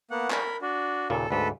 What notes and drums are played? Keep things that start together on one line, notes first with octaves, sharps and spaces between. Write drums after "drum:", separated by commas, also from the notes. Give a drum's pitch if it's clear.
A#3 B3 F#5
A#4 B5, drum: clap
D4 F#4
D#2 A#2 C#3 A4
D2 G#2 A4 B4